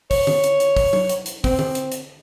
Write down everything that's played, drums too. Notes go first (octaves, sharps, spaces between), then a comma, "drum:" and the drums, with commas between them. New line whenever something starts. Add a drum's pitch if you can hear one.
C#5, drum: kick, open hi-hat
drum: tom D3
drum: hi-hat
drum: hi-hat
drum: kick, open hi-hat
drum: tom F#3
drum: hi-hat
drum: hi-hat
C4, drum: kick, open hi-hat
drum: tom D3
drum: hi-hat
drum: hi-hat